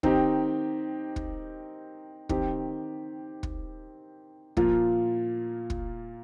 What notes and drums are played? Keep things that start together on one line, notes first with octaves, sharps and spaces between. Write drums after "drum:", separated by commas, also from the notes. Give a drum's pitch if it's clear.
D#3 C4 D#4 G4, drum: kick
drum: kick
D#3 C4 G4, drum: kick
drum: kick
A#2 F3 A#3 F4, drum: kick
drum: kick